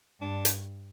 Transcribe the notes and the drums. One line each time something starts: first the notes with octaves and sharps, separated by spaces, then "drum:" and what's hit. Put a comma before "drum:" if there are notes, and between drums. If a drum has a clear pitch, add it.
G2 D4
drum: hi-hat